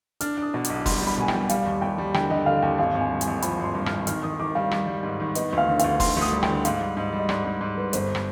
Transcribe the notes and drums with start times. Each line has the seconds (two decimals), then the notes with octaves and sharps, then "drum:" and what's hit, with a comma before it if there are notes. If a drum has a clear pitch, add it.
0.21 D4 F6, drum: hi-hat
0.37 D4 D#6
0.54 B2
0.65 D6, drum: hi-hat
0.70 B1
0.76 D6
0.86 G3 C6, drum: kick F#1, open hi-hat
1.02 G3 B5
1.17 B2 G#5
1.28 G5, drum: rim click
1.34 G3
1.49 G3 F5, drum: hi-hat
1.66 D#2
1.81 D#2 G5
1.98 G3
2.14 D3 G5, drum: rim click
2.30 D3 D#5
2.46 D3 F5
2.62 D#2 G5
2.78 G#1 F5
2.95 G#1 G#5
3.10 G2
3.21 G#5, drum: hi-hat
3.27 G#1
3.42 F3 B5, drum: hi-hat
3.59 G#1 C6
3.75 G2
3.86 F6, drum: rim click
3.91 G#1
4.07 D#3 F6, drum: hi-hat
4.23 D#3 D#6
4.39 D#3 D6
4.55 G3 F5
4.71 G3, drum: rim click
4.87 G3
5.03 G#2
5.20 D#3
5.35 B3 D#5, drum: hi-hat
5.53 D2 F5
5.68 D3
5.79 D2 F5, drum: hi-hat
6.00 D3 C6, drum: kick F#1, open hi-hat
6.17 D2 D#6
6.32 G3
6.43 G5, drum: rim click
6.49 D3
6.65 G#2 F5, drum: hi-hat
6.80 G3
6.97 G#2 D#5
7.13 G3
7.18 D#5
7.29 G#2 D5, drum: rim click
7.45 G#2
7.61 G#2
7.77 G3 B4
7.93 G1 C5, drum: hi-hat
8.15 drum: rim click